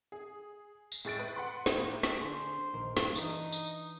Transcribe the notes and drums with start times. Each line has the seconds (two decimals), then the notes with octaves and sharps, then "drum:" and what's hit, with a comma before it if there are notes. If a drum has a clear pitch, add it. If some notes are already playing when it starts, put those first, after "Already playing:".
0.12 G#4
0.92 drum: tambourine
1.05 A2 G#3 A6 D7
1.19 B4
1.36 F#5 B5 C6
1.66 drum: snare
1.77 A2 A#3
2.03 drum: snare
2.20 D3 D4 G#4 C5
2.74 A#1 D#3 A#4
2.97 G2, drum: snare
3.15 E3 D4 D#4 B4, drum: tambourine
3.52 drum: tambourine